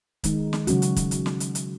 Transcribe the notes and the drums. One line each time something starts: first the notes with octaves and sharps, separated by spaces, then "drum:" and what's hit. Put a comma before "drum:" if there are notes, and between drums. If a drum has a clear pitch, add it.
D#3 G#3 D#4, drum: kick, hi-hat
drum: snare
C#3 F#3 C#4 F#4, drum: hi-hat
drum: hi-hat
drum: kick, hi-hat
drum: hi-hat
drum: snare
drum: hi-hat
drum: hi-hat